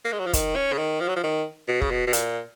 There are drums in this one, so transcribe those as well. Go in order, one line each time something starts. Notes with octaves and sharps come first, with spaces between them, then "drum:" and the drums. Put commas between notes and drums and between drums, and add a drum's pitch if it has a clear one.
A#3
G#3
F#3
F3
D#3, drum: kick, hi-hat
C#4
C#3
D#3
F3
F#3
F3
D#3
B2
C#3, drum: kick
B2
B2
A#2, drum: hi-hat